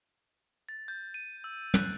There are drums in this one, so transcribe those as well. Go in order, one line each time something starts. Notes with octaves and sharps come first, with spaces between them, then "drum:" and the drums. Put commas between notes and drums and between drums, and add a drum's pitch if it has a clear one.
A6
G6
D#7
E6
F#6, drum: tom